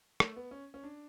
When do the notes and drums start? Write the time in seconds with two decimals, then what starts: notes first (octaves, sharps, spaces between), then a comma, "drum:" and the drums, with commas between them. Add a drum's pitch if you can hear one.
0.20 A3, drum: rim click
0.36 B3
0.51 C#4
0.74 C#4
0.84 D4